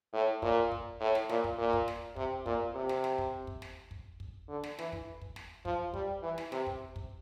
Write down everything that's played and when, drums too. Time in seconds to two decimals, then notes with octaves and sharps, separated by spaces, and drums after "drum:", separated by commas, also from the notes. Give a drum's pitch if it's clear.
0.14 A2
0.42 A#2, drum: kick
0.72 drum: kick
1.01 A2
1.15 drum: snare
1.29 A#2, drum: snare
1.44 drum: kick
1.58 A#2
1.73 drum: kick
1.88 drum: snare
2.16 C3, drum: kick
2.46 A#2, drum: kick
2.75 C3
2.89 drum: snare
3.04 drum: snare
3.18 drum: kick
3.47 drum: kick
3.62 drum: snare
3.91 drum: kick
4.20 drum: kick
4.49 D3
4.63 drum: snare
4.79 E3, drum: snare
4.92 drum: kick
5.22 drum: kick
5.36 drum: snare
5.65 F3, drum: kick
5.94 G3, drum: kick
6.23 E3
6.38 drum: snare
6.52 C3, drum: snare
6.67 drum: kick
6.96 drum: kick